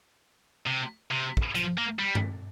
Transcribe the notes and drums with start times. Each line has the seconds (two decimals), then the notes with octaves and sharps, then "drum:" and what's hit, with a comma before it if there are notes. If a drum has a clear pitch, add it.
0.67 C3
1.11 C3
1.37 drum: kick
1.55 F3, drum: hi-hat
1.78 A#3
1.99 G3
2.15 drum: tom G2